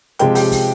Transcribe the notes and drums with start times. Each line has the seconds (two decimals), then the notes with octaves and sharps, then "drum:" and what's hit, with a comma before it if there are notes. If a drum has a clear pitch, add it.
0.19 C3 F3 G#3 G4 G5, drum: hi-hat
0.35 G4 G5, drum: open hi-hat
0.52 drum: kick, open hi-hat